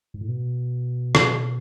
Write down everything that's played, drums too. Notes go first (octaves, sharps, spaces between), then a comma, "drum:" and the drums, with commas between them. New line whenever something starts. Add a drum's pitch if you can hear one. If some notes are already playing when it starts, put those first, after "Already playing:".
G#2
A2
B2
drum: rim click